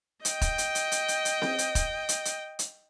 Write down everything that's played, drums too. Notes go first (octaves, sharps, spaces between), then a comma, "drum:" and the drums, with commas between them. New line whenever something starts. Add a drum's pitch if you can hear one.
D#5 G5, drum: hi-hat
drum: kick, hi-hat
drum: hi-hat
drum: hi-hat
drum: hi-hat
drum: hi-hat
drum: hi-hat
drum: snare C4
drum: hi-hat
drum: kick, hi-hat
drum: hi-hat
drum: hi-hat
drum: hi-hat